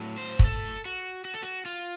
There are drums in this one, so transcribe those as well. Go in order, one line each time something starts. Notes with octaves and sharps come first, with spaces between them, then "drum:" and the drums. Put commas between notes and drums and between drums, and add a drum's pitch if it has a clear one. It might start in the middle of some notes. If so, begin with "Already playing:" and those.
Already playing: A2 F#3
C5
F#4, drum: kick
A4
F#4
F#4
A4
F#4
F4